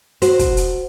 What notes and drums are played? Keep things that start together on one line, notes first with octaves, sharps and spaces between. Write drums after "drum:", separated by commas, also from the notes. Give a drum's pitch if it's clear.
F#4 C5, drum: hi-hat
drum: kick, hi-hat
drum: hi-hat